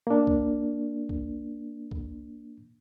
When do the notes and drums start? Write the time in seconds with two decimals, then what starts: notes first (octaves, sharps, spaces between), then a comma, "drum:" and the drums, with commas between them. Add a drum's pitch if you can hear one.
0.07 A#3 D4
0.27 drum: kick C2
1.09 drum: kick C2
1.91 drum: kick C2